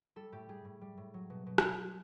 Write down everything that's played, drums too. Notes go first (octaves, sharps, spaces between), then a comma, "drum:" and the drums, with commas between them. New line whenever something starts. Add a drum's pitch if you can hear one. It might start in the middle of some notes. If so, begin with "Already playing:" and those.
G3 A4
A2 G4
G3 G#4
A2
G3
A2
F#3
B2
B2
drum: rim click